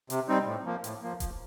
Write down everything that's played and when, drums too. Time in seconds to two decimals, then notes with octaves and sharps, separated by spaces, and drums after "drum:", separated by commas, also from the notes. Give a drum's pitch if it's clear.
0.10 C3, drum: hi-hat
0.28 G3 C4 D#4
0.46 A2
0.65 F3 A#3
0.84 A2, drum: hi-hat
1.03 F3 A#3
1.20 F3, drum: kick D#1, hi-hat